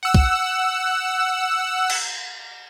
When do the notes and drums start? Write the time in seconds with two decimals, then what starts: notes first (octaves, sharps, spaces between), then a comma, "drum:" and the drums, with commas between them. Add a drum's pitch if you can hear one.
0.03 F#5 E6
0.14 drum: kick
1.90 drum: cymbal